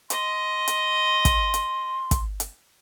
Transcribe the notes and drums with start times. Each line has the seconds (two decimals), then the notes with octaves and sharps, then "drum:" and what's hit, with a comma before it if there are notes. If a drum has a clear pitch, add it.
0.10 D#5 C6, drum: hi-hat
0.68 drum: hi-hat
1.25 drum: kick, hi-hat
1.54 drum: hi-hat
2.11 drum: kick, hi-hat
2.40 drum: hi-hat